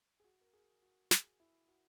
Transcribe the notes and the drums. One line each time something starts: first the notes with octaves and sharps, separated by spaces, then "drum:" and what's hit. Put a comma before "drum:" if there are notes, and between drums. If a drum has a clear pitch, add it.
G#4
F#4
A#4
G#4
F#4
G#4, drum: snare
E4
F#4